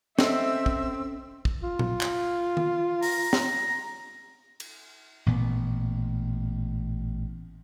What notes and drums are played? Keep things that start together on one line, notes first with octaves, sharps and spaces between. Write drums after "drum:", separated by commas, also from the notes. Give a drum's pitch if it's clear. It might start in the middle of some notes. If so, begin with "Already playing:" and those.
C4 C#4 A4 D#5 E5 E6, drum: snare
drum: kick
drum: kick
F4
drum: tom A#2
drum: clap
drum: tom D#3
A#5, drum: open hi-hat
drum: snare
drum: cymbal
A1 A#2 B3